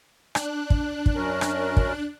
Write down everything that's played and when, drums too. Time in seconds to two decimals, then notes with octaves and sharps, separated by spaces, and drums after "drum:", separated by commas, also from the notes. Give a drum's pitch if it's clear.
0.35 D4 F#6, drum: rim click
0.70 drum: kick
1.06 drum: kick
1.15 F#2 C#4 A#4
1.41 drum: rim click
1.77 drum: kick